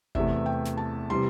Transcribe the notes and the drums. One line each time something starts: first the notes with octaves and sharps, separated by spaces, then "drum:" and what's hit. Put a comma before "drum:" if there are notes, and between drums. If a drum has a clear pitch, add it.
E2 C3 E3 A3 E5, drum: kick G1
G5
drum: snare
A5
C3 E3 G3 C6